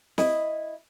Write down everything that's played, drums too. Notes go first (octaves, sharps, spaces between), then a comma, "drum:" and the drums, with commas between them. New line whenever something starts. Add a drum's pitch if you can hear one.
E4 D#5, drum: snare